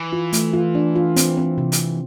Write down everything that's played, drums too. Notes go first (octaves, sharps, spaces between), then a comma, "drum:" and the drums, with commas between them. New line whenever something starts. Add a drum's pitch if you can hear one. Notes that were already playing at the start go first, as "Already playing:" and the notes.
Already playing: E3
F4
A3, drum: hi-hat
F4
D4
F4
C4, drum: hi-hat
C4
C3
drum: hi-hat